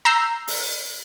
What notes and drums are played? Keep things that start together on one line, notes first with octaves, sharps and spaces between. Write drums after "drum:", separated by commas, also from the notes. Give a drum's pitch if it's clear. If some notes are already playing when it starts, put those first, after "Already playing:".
A#5 E6 G6 C7
drum: open hi-hat